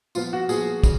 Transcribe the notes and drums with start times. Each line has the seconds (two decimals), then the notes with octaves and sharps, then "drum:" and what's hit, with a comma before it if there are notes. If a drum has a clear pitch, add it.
0.15 A#2 F3 B3 F4, drum: tambourine
0.33 F#4
0.49 A#2 F3 B3 G#4, drum: tambourine
0.83 C#3, drum: kick, tambourine